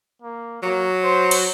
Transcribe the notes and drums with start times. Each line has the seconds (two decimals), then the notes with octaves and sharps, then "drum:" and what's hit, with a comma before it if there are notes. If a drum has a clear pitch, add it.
0.22 A#3
0.63 F#3 A#3
1.04 C5
1.31 drum: cymbal